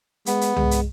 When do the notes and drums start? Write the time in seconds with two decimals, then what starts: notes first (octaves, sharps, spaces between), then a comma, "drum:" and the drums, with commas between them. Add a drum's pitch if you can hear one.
0.26 G#3 B3, drum: hi-hat
0.41 drum: hi-hat
0.56 G#3, drum: tom
0.71 drum: hi-hat